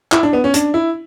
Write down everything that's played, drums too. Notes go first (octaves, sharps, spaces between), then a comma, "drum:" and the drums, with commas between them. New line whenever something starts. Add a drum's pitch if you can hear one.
E4, drum: clap
D4
B3
C#4
D4, drum: hi-hat
E4